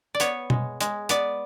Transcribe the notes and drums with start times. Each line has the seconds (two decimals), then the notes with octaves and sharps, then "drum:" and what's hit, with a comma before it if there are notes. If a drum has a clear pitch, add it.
0.15 D5
0.20 B3 C#5, drum: hi-hat
0.50 G#3, drum: tom B2
0.81 G#3, drum: hi-hat
1.09 B3 D5, drum: hi-hat